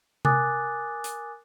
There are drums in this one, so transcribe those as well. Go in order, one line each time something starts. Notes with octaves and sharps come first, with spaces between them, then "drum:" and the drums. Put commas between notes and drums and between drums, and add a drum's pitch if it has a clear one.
A#4 G#5 D6 D#6 F#6 A6, drum: tom C3
drum: hi-hat